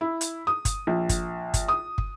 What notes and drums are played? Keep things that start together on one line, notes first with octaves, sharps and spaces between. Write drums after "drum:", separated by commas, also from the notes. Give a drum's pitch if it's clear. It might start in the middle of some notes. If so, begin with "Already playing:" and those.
E4
drum: hi-hat
D#6
drum: kick, hi-hat
A#1
drum: kick, hi-hat
drum: kick, hi-hat
D#6
drum: kick